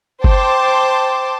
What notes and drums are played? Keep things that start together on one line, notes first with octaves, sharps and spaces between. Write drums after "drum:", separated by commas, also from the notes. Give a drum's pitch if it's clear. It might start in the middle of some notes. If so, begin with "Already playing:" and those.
C5 G5 A5 C6 D6, drum: kick G1